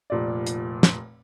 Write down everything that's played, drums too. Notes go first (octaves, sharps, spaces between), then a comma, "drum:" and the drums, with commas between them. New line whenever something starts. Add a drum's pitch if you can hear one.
F1 A#2 D5
drum: hi-hat
drum: snare